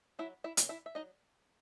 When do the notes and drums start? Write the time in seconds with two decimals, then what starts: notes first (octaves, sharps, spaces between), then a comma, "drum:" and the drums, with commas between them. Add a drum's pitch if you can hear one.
0.19 F#3 E4 E5
0.44 E4 E5
0.57 A#3 C#4, drum: hi-hat
0.69 E4 E5
0.86 E5
0.95 F#3 D#4 D#5